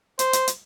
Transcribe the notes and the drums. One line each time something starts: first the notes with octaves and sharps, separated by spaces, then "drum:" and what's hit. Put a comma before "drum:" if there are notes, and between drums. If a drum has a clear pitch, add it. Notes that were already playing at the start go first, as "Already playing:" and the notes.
C5, drum: hi-hat
drum: hi-hat
drum: hi-hat